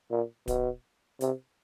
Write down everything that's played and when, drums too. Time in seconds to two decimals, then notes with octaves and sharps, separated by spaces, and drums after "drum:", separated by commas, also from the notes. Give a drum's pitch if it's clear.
0.11 A#2
0.48 B2, drum: kick D1, hi-hat
1.21 C3, drum: hi-hat